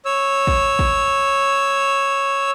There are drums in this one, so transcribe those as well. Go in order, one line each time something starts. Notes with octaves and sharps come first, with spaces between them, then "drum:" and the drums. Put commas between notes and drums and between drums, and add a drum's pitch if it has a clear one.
C#5 E6
drum: kick
drum: kick